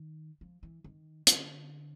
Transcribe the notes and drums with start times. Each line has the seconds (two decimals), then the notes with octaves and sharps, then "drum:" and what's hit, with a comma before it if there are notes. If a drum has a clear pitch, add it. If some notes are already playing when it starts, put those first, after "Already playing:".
Already playing: D#3
0.41 F3
0.63 E3
0.84 D#3
1.27 D3, drum: hi-hat